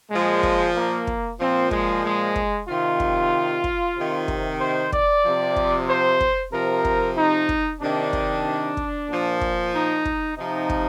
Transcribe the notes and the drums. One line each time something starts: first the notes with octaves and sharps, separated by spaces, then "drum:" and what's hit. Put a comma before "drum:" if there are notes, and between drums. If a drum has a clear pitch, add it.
A#2 F3 G#3
drum: kick
A#3
drum: kick
A#2 F3 C4
G#3, drum: kick
G#3
drum: kick
C3 D#3 F4
drum: kick
drum: kick
C3 D#3
drum: kick
C5
D5, drum: kick
C3 F3
drum: kick
C5
drum: kick
C3 F3 A#4
drum: kick
D#4
drum: kick
C3 D#3 D4
drum: kick
drum: kick
A#2 F3
drum: kick
D#4
drum: kick
C3 F3 D#4
drum: kick